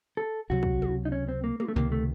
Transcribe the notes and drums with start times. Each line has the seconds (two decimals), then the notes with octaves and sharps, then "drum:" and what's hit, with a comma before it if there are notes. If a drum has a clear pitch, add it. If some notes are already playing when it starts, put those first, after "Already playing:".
0.17 A4
0.50 C#2 C3 F#3 F#4
0.63 drum: kick
0.82 drum: tom
1.05 D#4
1.12 C#4
1.29 C4
1.44 A#3
1.60 A#3, drum: tom
1.68 A3
1.76 C#2 C3 D#3 A#3
1.92 A3